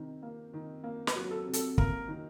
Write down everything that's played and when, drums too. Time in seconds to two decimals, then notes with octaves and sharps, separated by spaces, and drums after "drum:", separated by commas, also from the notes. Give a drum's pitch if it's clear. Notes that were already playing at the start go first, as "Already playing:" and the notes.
Already playing: C3 D#3
0.22 A#3
0.53 D#3
0.84 A#3
1.07 B4, drum: snare
1.15 F#3
1.31 A4
1.46 C3
1.53 A4, drum: hi-hat
1.78 A#3 A#4, drum: kick
2.08 D#3